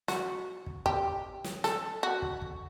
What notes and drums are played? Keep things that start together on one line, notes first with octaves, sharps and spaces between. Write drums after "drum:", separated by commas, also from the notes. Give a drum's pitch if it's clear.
F#4, drum: snare
drum: kick
G4, drum: kick
drum: snare
A4, drum: snare
F#4
drum: kick
drum: kick